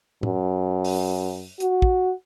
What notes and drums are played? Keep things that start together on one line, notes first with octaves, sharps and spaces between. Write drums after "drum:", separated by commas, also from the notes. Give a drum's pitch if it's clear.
F#2, drum: tom
drum: open hi-hat
F#4, drum: hi-hat
drum: kick